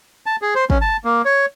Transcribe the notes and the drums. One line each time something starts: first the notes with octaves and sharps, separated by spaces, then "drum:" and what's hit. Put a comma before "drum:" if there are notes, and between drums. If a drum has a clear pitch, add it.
A5
G#4
C5
C#4, drum: kick
A5
A#3
C#5